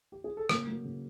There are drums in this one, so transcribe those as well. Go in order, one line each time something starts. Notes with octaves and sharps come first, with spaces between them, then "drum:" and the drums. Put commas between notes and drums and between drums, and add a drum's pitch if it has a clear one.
G4
G#4
A4
C#3 A#3 A#4, drum: rim click
F#3 A#3
C#3